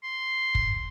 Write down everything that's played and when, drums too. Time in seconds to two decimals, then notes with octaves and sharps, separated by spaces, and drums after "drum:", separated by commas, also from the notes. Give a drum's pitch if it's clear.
0.03 C6
0.55 drum: kick